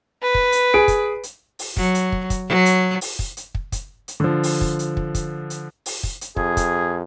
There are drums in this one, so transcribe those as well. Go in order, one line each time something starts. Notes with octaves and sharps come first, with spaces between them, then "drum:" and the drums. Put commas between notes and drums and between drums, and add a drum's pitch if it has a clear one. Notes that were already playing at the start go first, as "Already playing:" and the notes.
B4
drum: kick
drum: hi-hat
G#4 D7
drum: kick, hi-hat
drum: hi-hat
drum: open hi-hat
F#3, drum: kick
drum: hi-hat
drum: kick
drum: kick, hi-hat
F#3
drum: hi-hat
drum: open hi-hat
drum: kick
drum: hi-hat
drum: kick
drum: kick, hi-hat
drum: hi-hat
D3 F3
drum: open hi-hat
drum: kick
drum: hi-hat
drum: kick
drum: kick, hi-hat
drum: hi-hat
drum: open hi-hat
drum: kick
drum: hi-hat
F2 G#4, drum: kick
drum: kick, hi-hat